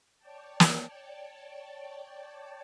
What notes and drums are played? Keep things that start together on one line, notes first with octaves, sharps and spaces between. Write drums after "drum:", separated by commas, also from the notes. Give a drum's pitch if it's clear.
C#5 D5 G5 A5
drum: snare